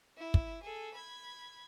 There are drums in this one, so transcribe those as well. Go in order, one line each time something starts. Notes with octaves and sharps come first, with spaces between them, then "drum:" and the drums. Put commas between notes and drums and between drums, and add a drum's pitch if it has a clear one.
E4
drum: kick
G#4 A4
B5 G#6